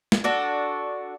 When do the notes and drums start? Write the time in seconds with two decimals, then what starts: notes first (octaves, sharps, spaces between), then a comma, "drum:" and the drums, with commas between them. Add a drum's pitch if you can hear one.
0.12 drum: snare
0.24 D4 F#4 A4